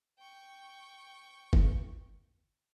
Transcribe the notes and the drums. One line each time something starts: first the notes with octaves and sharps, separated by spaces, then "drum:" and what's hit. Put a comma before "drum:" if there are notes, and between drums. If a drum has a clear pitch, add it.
G5 C#6
drum: kick F#1